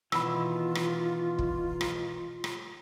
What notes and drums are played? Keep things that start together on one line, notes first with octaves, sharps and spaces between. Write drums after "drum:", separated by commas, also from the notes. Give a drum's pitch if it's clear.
B2 D#3 E3 F4 B5 E6, drum: rim click
drum: rim click
drum: kick
drum: rim click
drum: rim click